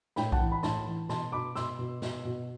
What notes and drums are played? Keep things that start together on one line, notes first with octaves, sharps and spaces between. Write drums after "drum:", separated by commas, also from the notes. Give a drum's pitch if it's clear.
A2 G5 B5, drum: snare
F#5 A5, drum: kick B1
E3
B5
A2 A5 C6, drum: snare
E3
B2 A5 C6, drum: snare
B2 B5 D6
B2 C6 E6, drum: snare
B2
B2, drum: snare
B2